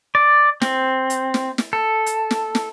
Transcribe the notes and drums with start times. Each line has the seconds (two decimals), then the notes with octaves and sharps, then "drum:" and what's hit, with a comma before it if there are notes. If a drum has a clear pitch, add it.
0.15 D5
0.62 C4, drum: snare
1.10 drum: hi-hat
1.34 drum: snare
1.58 drum: snare
1.73 A4
2.06 drum: hi-hat
2.31 drum: snare
2.55 drum: snare